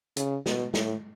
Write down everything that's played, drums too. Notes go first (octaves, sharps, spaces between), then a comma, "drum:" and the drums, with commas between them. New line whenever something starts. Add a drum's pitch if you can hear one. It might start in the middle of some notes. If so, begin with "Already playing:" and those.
C#3, drum: hi-hat
B2, drum: snare
A2, drum: snare